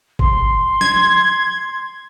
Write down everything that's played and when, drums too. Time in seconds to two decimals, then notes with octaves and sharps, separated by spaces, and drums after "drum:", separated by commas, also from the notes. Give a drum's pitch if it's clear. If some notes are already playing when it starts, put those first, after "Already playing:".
0.19 C6, drum: kick
0.81 G#6, drum: snare